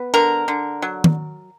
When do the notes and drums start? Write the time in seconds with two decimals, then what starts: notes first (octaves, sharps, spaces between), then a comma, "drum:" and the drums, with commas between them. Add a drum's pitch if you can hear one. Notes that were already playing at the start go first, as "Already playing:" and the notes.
Already playing: B3
0.14 D3 A#4
0.48 D3
0.82 F#3
1.04 drum: tom